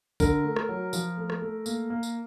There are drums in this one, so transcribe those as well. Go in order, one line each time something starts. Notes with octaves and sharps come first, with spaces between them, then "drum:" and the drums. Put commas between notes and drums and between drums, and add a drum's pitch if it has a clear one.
D3 A#4, drum: kick A#1, tambourine
A3
drum: rim click
F#3
F3, drum: tambourine
A3
drum: rim click
A3
A#3, drum: tambourine
A#3
drum: tambourine